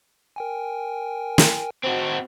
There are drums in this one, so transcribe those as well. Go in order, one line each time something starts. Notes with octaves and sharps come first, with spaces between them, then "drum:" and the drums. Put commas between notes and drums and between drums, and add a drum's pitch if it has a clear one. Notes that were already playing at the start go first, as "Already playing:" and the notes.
A#4 G5 G#5
drum: snare
C4 F#4